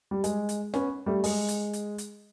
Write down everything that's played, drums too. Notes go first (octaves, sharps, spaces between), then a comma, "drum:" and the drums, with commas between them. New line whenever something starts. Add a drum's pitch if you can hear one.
G3
G#3, drum: hi-hat
drum: hi-hat
B3 C#4, drum: snare
G3 A3
G#3, drum: open hi-hat
drum: hi-hat
drum: hi-hat
drum: hi-hat